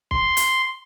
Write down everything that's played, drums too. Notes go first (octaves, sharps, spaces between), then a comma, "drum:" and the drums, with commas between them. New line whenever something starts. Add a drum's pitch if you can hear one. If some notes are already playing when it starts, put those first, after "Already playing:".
C6, drum: kick
drum: hi-hat